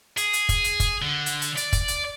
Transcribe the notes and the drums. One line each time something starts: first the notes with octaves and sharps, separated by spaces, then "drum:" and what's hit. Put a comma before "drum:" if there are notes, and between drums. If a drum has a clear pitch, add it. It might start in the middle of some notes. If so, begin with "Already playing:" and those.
G#4, drum: hi-hat
drum: hi-hat
drum: kick, hi-hat
drum: hi-hat
drum: kick, hi-hat
D3
drum: hi-hat
drum: hi-hat
D5, drum: hi-hat
drum: kick, hi-hat
drum: hi-hat